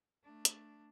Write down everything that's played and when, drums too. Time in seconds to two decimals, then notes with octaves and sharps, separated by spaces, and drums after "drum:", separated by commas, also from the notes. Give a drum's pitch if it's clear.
0.24 A3 D4
0.45 drum: hi-hat